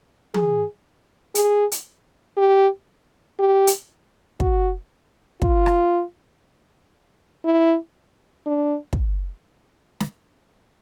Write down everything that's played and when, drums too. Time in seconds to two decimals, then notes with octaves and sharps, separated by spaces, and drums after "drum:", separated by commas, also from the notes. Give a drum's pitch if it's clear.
0.34 G#4, drum: tom E3
1.35 G#4, drum: hi-hat
1.72 drum: hi-hat
2.37 G4
3.39 G4
3.67 drum: hi-hat
4.40 F#4, drum: kick
5.42 F4, drum: kick
5.66 drum: rim click
7.45 E4
8.46 D4
8.93 drum: kick
10.00 drum: snare